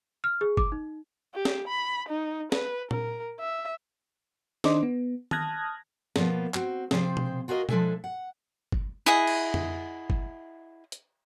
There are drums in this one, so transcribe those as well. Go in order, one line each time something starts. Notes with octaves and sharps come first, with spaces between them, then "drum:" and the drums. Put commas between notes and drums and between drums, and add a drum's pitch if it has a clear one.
F6
G#4
D6, drum: kick G1
D#4
G4
drum: snare
B5
D#4
B4, drum: snare
A#4, drum: tom A#2
E5
D#3 D4 C5 D#5 C6 D6, drum: snare
B3
A5 D#6 F6 F#6 G#6 A#6, drum: tom D#3
B2 F3 A#3 B3, drum: snare
C4 F#4, drum: clap
C3 F3 C4 G#4 C5, drum: snare
drum: tom B2
F4 F#4 G#4 A#4 D#5
F3 G#3 D4 A4 E5 G#5, drum: tom B2
F#5
drum: kick G1
E4 G#4 D#5 F#5
drum: cymbal
drum: tom F2
drum: kick G1
drum: hi-hat